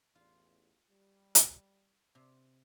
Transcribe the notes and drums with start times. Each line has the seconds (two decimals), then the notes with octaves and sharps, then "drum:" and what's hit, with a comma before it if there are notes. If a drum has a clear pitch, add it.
0.15 A1 E2 F4
0.90 G3
1.35 drum: hi-hat
2.15 C3